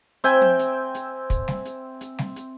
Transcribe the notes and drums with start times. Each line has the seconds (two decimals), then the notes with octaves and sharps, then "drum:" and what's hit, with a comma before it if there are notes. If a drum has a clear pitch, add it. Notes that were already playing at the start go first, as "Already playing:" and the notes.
0.24 C4 E5 G5 G#5, drum: hi-hat
0.41 drum: tom
0.59 drum: hi-hat
0.95 drum: hi-hat
1.30 drum: kick, hi-hat
1.48 drum: snare G3
1.65 drum: hi-hat
2.01 drum: hi-hat
2.19 drum: snare G3
2.36 drum: hi-hat